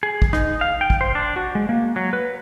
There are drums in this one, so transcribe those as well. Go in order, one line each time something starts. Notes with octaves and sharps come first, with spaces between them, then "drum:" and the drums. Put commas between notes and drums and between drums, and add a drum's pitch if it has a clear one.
G#4
drum: kick
D#4, drum: rim click
F5
G5
drum: kick
C5
D4
F#4
G#3
A#3
F#3
B4